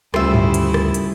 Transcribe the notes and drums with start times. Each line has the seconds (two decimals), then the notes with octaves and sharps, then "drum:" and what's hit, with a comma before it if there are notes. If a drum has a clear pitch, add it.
0.14 D2 C#3 G3 E4 F4 C5 E5, drum: rim click
0.34 drum: tom G2
0.54 drum: hi-hat
0.74 drum: rim click
0.94 drum: hi-hat